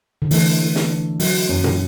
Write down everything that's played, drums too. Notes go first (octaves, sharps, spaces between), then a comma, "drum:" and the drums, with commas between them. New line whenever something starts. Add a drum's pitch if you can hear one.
D3
E3 A3, drum: open hi-hat
A3
drum: snare
D4
F#3 F#4, drum: open hi-hat
F#2
drum: tom A#2